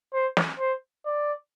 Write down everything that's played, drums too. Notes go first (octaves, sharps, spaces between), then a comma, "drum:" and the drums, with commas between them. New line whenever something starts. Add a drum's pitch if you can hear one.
C5
drum: snare
C5
D5